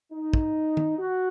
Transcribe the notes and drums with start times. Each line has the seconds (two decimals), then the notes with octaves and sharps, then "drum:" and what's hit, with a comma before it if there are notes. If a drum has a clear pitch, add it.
0.12 D#4
0.33 drum: kick
0.77 drum: tom
0.99 F#4